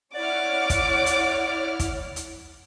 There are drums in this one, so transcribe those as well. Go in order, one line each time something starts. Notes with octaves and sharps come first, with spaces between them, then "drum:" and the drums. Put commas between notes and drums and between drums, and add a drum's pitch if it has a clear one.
E4 C#5 D5 F#5 D6 F6
drum: kick, hi-hat
drum: hi-hat
drum: kick, hi-hat
drum: hi-hat